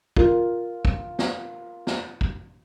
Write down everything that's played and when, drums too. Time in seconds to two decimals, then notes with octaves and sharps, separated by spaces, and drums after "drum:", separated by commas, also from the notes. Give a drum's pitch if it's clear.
0.16 F4 A#4, drum: kick
0.85 drum: kick
1.19 drum: snare
1.87 drum: snare
2.21 drum: kick